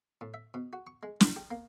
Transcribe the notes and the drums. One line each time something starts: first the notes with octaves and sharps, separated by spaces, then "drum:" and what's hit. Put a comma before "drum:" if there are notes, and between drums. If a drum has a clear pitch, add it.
A2
E5
B2
F#4
C#6
G#3
D#2, drum: snare
G4
A#3